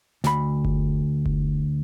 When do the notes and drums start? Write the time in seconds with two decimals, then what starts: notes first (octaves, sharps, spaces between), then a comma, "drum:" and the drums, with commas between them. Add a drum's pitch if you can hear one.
0.24 D2 B5, drum: snare
0.65 drum: kick F#1
1.26 drum: kick F#1